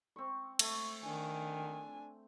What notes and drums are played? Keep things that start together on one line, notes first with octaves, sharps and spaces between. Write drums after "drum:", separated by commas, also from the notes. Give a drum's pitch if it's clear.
C4 C#6
A3, drum: cymbal
D#3 D4 G#5